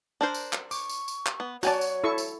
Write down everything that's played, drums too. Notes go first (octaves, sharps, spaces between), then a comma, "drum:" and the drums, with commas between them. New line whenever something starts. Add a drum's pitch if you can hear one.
D4 A#4 C5
drum: tambourine
drum: clap
C#6 D6, drum: tambourine
drum: tambourine
drum: tambourine
drum: clap
B3
F#3 F#4 C#5 D5 G#5 A5, drum: tambourine
drum: tambourine
E4 A4 C#6
drum: tambourine